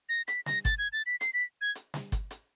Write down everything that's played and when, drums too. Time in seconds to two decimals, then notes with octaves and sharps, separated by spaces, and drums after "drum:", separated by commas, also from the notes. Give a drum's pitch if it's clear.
0.09 A#6
0.28 B6, drum: hi-hat
0.46 A#6, drum: snare
0.65 A6, drum: kick G1, hi-hat
0.78 G#6
0.93 A6
1.06 B6
1.21 C7, drum: hi-hat
1.33 B6
1.61 G#6
1.75 drum: hi-hat
1.94 drum: snare
2.12 drum: kick G1, hi-hat
2.31 drum: hi-hat